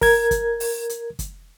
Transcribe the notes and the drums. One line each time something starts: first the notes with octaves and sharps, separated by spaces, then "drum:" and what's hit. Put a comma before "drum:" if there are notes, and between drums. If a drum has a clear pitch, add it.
A#4 G#6, drum: kick, open hi-hat
drum: kick, hi-hat
drum: open hi-hat
drum: hi-hat
drum: kick, hi-hat